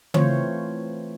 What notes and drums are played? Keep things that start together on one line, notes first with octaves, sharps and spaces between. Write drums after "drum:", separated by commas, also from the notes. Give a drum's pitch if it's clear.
E3 A3 C4 F4 C5 C#5, drum: tom C#3